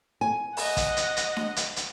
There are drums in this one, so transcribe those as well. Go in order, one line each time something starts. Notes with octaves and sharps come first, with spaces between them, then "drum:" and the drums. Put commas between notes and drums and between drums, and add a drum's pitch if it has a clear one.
G#5
D#5 F#5, drum: open hi-hat
drum: kick, hi-hat
drum: hi-hat
drum: hi-hat
drum: snare D4
drum: hi-hat
drum: hi-hat